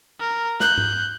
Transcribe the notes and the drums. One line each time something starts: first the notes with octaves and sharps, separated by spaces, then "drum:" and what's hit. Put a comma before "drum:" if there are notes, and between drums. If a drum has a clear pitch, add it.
A#4
F#6 G6, drum: snare
drum: tom G#2